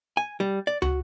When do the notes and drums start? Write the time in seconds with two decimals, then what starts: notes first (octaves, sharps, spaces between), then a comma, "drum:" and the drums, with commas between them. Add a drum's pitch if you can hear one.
0.17 G#5
0.40 G3
0.67 D5
0.82 F#4, drum: tom